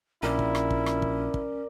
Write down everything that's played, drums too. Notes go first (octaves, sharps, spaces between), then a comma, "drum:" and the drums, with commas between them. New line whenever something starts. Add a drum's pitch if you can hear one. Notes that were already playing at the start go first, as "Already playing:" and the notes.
A#1 C#4 E4 A#4 D5
drum: kick
drum: rim click
drum: kick
drum: rim click
drum: kick
drum: kick